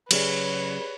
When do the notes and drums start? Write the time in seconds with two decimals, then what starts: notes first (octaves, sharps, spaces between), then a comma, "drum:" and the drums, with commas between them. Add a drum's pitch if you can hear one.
0.11 C#3 F#3 G4 G#4 B4 C#5 D5, drum: cymbal